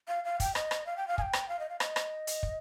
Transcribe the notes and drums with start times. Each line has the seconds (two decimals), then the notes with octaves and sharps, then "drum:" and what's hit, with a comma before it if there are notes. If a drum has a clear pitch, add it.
0.08 F5
0.24 F5
0.40 G5, drum: kick, hi-hat
0.55 D#5, drum: rim click
0.71 drum: rim click
0.86 F5
0.97 G5
1.08 F5
1.18 G#5, drum: kick
1.22 G5
1.33 drum: rim click
1.49 F5
1.59 D#5
1.69 F5
1.80 D#5, drum: rim click
1.96 drum: rim click
2.27 drum: hi-hat
2.43 drum: kick